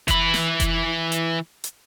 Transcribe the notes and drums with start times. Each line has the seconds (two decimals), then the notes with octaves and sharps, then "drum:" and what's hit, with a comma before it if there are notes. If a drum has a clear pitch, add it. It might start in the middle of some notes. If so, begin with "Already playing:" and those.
0.08 E3 B5, drum: kick F1, hi-hat
0.34 drum: snare
0.60 drum: kick F1, hi-hat
1.12 drum: hi-hat
1.64 drum: hi-hat